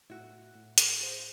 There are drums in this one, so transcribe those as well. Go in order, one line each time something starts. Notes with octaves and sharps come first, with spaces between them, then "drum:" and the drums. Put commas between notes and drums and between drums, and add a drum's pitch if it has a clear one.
A2 E4 F#4 E5
A2
drum: hi-hat
G#4 C5